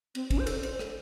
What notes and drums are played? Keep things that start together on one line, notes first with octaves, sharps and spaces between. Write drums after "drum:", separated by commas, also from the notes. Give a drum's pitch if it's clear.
C4, drum: cymbal
C#4, drum: kick, cymbal
C5
A4, drum: cymbal
C5, drum: cymbal
A4, drum: rim click